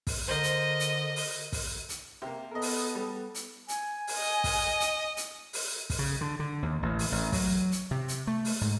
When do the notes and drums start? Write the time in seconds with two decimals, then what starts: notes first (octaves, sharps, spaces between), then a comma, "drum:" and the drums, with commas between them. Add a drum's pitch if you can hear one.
0.07 drum: kick, open hi-hat
0.28 D3 A#4 C5 D#5
0.43 drum: hi-hat
0.80 drum: hi-hat
1.16 drum: open hi-hat
1.52 drum: kick, open hi-hat
1.89 drum: hi-hat
2.22 C3 A#3
2.51 B3 A4 A#4 D#5
2.62 drum: open hi-hat
2.95 G3
3.35 drum: hi-hat
3.68 G#5, drum: hi-hat
4.07 drum: open hi-hat
4.18 D#5
4.44 drum: kick, open hi-hat
4.80 drum: hi-hat
5.17 drum: hi-hat
5.53 drum: open hi-hat
5.90 drum: kick, open hi-hat
5.99 C#3
6.21 D3
6.39 D3
6.62 D#2
6.83 A1
6.99 drum: open hi-hat
7.12 A1
7.32 F#3, drum: kick, open hi-hat
7.72 drum: hi-hat
7.91 C3
8.08 drum: hi-hat
8.27 A3
8.45 drum: open hi-hat
8.61 G#2